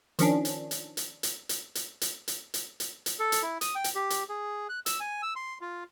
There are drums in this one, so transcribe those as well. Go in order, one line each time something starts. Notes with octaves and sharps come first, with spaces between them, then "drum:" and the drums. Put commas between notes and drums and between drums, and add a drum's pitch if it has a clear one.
D#3 F3 C#4 D4, drum: hi-hat
drum: hi-hat
drum: hi-hat
drum: hi-hat
drum: hi-hat
drum: hi-hat
drum: hi-hat
drum: hi-hat
drum: hi-hat
drum: hi-hat
drum: hi-hat
drum: hi-hat
A4
drum: hi-hat
E4
D#6, drum: hi-hat
G5
drum: hi-hat
G4
drum: hi-hat
G#4
F#6
E6, drum: hi-hat
G#5
E6
C6
F4